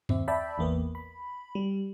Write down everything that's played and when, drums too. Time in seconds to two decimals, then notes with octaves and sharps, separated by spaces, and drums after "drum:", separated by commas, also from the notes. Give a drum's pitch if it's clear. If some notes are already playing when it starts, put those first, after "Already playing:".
0.09 D#2 C4 E5, drum: tom F#2
0.28 D5 E5 G5 A5 B5
0.58 A1 E2 A#3 B4
0.95 B5
1.55 G3